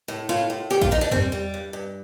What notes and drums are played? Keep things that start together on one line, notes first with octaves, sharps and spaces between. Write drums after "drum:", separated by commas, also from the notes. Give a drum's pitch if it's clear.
A2
A2 F4
A2
D3 G4
F4, drum: kick A#1
F2 D#4
D4
G3 C4, drum: tom
G3
G2
G2